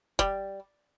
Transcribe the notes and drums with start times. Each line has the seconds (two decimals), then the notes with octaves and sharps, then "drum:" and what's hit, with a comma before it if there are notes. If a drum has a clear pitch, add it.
0.19 G3, drum: kick F#1